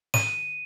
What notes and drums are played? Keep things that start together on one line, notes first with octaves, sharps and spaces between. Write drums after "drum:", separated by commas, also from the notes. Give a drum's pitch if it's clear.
D#7, drum: snare